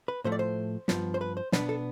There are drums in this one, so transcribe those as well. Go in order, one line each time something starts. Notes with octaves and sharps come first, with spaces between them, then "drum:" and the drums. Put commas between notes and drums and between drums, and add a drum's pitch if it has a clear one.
B4
A2 F3 A3 C5
D5
C5
G2 F3 B3, drum: snare
C5
B4
C5
B2 B3 D4 B4, drum: snare
A4